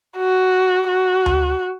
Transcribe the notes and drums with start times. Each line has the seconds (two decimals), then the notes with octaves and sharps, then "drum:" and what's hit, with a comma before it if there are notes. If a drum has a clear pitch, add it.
0.17 F#4
0.88 F#4
1.26 drum: tom D2